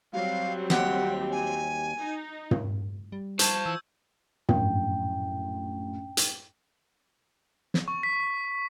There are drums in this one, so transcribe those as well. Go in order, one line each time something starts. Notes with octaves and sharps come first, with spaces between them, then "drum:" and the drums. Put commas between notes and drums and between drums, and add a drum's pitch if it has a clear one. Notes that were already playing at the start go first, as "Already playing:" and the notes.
F#3 G3 C4 F5
D#2 G4 F#5, drum: snare
G#5
D#4
drum: tom
G3
F4 C5 A5 C#6 G6 G#6, drum: hi-hat
E3 E6
A#1 F#2 A2 G5, drum: tom
drum: hi-hat
drum: snare
C#6
B6